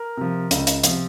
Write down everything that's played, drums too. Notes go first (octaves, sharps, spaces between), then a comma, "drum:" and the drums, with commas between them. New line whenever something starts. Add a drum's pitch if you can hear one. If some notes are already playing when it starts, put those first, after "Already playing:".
Already playing: A#4
C3 F3
C#2, drum: hi-hat
drum: hi-hat
C3 F3, drum: hi-hat